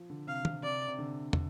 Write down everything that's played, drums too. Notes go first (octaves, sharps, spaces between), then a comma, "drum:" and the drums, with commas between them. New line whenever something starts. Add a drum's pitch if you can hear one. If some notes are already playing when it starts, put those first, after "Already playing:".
Already playing: F3
D3
C3 F5
C3, drum: tom
C3 D5
C3
D3
D3, drum: tom